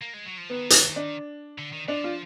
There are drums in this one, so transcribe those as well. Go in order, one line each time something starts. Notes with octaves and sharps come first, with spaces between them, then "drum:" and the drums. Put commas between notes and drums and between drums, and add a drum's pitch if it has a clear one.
A#3
G#3
F#3
F3
D#3 B3
drum: hi-hat
D4
D3
D#3
F3 D4
F4